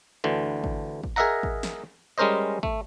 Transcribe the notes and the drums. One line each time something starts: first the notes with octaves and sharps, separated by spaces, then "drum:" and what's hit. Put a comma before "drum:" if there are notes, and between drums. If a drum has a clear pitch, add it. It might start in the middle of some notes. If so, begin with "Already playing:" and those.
D2 D3 E3
drum: kick G#1
drum: kick G#1
G#4 A#4 D#5 E5 F#5 A#5
drum: kick G#1
drum: snare
G3 G#3 C#4 A#4 C5 D#5
A3, drum: kick G#1